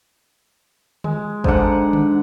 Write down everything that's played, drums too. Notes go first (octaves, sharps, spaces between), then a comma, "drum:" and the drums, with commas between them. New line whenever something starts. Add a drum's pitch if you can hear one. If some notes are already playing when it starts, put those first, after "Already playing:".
G#3, drum: tom D3
G#2 D3 D4 F#5, drum: kick
drum: tom D3